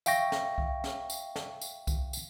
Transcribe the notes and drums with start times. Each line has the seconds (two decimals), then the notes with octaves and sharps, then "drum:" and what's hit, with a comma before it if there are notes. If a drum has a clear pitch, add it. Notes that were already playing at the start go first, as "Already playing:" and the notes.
0.06 E5 F5 G5 C#6 A#6, drum: tambourine
0.32 drum: snare
0.58 drum: kick C2
0.84 drum: snare
1.10 drum: tambourine
1.36 drum: snare
1.61 drum: tambourine
1.87 drum: kick C2, tambourine
2.13 drum: tambourine